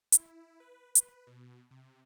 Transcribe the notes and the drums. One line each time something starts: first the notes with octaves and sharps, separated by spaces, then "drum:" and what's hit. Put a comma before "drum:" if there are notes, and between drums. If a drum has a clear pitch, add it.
E4, drum: hi-hat
B4
B4, drum: hi-hat
B2
C3